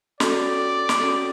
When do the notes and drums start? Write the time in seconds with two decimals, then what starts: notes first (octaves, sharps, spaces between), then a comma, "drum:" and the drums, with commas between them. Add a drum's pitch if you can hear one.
0.20 C#4 F#4 A4 D5, drum: snare
0.89 drum: snare
1.00 C#4 F#4 A4